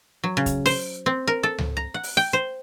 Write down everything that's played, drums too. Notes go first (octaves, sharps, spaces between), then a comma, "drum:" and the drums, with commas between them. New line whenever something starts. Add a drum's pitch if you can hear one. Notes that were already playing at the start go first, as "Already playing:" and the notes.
F#3
C#3
drum: kick, hi-hat
C5, drum: open hi-hat
C4
A#4
A4
drum: tom C#2
A#5
F#5
drum: open hi-hat
G5
C5